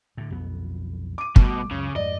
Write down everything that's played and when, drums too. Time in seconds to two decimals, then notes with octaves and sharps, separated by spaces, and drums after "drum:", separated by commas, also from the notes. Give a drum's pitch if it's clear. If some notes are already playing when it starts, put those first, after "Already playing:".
0.17 A2 D3
0.30 B1 F2 B3
1.18 D6 D#7
1.36 B2 G3 A3, drum: kick
1.71 C#2 F#2 C#3
1.96 F2 G#2 D5 D#5